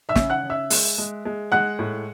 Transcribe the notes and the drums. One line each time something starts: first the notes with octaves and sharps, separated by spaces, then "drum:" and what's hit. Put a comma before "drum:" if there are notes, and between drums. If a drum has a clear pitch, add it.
E5 E6
C#3, drum: snare
F#5 F#6
C#3
E5 E6
G#3, drum: open hi-hat
G#3
G#3
G#3 F#5 F#6
A2